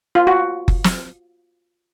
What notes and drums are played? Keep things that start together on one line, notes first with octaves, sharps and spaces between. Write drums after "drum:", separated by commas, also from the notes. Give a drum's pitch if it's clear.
F4
F#4
drum: kick F#1
drum: snare